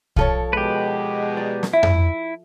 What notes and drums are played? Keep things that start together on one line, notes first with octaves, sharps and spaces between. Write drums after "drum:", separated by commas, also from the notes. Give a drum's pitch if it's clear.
F3 A4 C#5, drum: kick
B2 G#3 G4 B4
D5 A#5
drum: snare
E4 E5
drum: tom F2